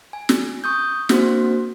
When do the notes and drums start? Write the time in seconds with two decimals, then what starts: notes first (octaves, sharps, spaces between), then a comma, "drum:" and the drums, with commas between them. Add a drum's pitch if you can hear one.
0.13 G#5
0.29 drum: snare
0.64 C#6 D#6 G6
1.09 A#3 C4 D4 F#4 C5, drum: snare